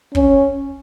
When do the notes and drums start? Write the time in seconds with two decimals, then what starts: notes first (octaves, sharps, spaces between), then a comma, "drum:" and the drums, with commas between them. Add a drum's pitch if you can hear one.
0.15 C#4, drum: kick